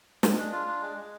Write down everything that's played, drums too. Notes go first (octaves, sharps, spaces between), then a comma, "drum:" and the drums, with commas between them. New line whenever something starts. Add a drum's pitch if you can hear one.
G#3, drum: snare
D4
F4
D4
G#3
G#3